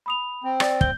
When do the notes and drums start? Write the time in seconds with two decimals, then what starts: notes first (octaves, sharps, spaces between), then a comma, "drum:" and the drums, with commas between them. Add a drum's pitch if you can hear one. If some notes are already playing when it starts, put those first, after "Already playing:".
0.06 B5 D#6 F7
0.44 C4
0.60 D5 A6, drum: rim click
0.81 G6 G7, drum: kick